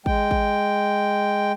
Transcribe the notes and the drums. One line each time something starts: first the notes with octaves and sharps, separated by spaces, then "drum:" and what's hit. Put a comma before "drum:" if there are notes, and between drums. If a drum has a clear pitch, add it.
G#3 G5, drum: kick
drum: kick